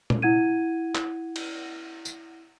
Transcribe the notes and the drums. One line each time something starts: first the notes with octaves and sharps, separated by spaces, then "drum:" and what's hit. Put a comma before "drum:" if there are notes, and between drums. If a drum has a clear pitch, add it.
drum: tom A#2
E4 F#5 G#6 D#7
drum: clap
drum: cymbal
drum: tambourine